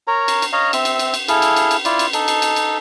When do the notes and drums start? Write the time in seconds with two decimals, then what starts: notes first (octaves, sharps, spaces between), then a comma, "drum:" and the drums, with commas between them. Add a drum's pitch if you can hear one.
0.07 A#4 C#5 A#5
0.28 drum: cymbal
0.42 drum: cymbal
0.53 C#5 D#5 F5 A#5
0.73 C4 E5, drum: cymbal
0.85 drum: cymbal
0.99 drum: cymbal
1.14 drum: cymbal
1.28 E4 G#4 A4 F5, drum: cymbal
1.42 drum: cymbal
1.57 drum: cymbal
1.71 drum: cymbal
1.85 E4 F4 D5, drum: cymbal
1.99 drum: cymbal
2.13 D#4 A4, drum: cymbal
2.28 drum: cymbal
2.42 drum: cymbal
2.56 drum: cymbal